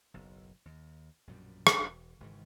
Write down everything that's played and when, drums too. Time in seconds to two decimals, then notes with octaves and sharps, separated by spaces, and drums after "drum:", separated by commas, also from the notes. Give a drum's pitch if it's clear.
0.14 F#1 B1
0.65 D#2
1.27 A#1 F#2 B2 G3
1.67 drum: rim click
1.78 E1
2.20 G#1 G#2 C#3 E3